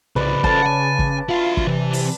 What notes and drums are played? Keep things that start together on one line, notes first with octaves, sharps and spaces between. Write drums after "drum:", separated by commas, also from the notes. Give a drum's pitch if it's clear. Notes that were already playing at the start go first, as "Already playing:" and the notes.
C2 C#3 B3 B4 D5
C#3 A4 C5 A5, drum: kick
F#5 G#5
drum: kick
E4 F4 F5
drum: kick
C3 E3
drum: open hi-hat